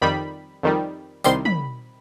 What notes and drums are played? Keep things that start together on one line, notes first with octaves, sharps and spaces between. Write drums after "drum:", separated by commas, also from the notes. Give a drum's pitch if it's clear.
F2 D#3 G3 B5
F2 D#3 G3
C2 C3 D#3 G3 C6, drum: tambourine
B5, drum: tom